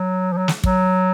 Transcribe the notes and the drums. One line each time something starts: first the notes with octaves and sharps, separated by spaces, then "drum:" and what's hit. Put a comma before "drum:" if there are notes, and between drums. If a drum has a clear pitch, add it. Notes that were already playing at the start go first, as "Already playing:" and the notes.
Already playing: F#3
F3
F#3
drum: snare
F#3, drum: kick